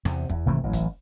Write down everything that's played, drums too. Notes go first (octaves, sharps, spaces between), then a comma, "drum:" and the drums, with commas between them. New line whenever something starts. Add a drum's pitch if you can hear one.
E2 C3, drum: rim click
E2, drum: kick F1
G#1 C3 E3 A3
A1 E3 F#3
drum: kick F1, hi-hat